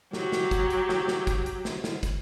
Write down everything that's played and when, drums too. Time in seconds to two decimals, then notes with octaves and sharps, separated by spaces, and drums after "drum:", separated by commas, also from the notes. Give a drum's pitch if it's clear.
0.13 F#3 G4, drum: snare
0.32 drum: snare
0.51 drum: kick, hi-hat
0.70 drum: hi-hat
0.89 drum: snare
1.08 drum: snare
1.27 drum: kick, hi-hat
1.46 drum: hi-hat
1.65 drum: snare
1.84 drum: snare
2.03 drum: kick, hi-hat